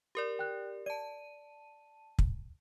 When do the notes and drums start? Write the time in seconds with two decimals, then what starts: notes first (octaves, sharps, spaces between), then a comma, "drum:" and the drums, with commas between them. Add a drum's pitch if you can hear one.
0.15 G4 A#4 D5
0.39 G5 F#6
0.86 D5 A5 D#7
2.19 drum: kick